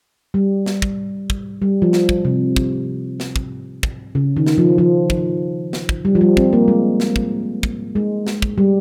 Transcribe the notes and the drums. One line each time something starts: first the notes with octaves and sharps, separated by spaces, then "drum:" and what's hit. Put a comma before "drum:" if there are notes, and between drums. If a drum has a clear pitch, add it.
G3
drum: snare
drum: kick
drum: kick
G3
F3
drum: snare
drum: kick
C3
drum: kick
drum: snare
drum: kick
drum: kick
C#3
D#3
drum: snare
F3
F3
drum: kick
drum: snare
drum: kick
G3
F3
G3
C4, drum: kick
A#3
G#3
drum: snare
drum: kick
drum: kick
G#3
drum: snare
drum: kick
G3